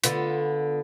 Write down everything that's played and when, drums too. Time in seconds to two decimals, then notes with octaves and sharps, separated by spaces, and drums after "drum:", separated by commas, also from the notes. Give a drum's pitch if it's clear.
0.04 D3 B3 F4, drum: hi-hat